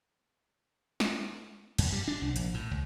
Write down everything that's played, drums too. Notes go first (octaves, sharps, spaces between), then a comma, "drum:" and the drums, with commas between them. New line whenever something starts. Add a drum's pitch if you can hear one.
drum: snare
F#2, drum: cymbal
G3
D4
C2
A#1, drum: hi-hat
A2
C#2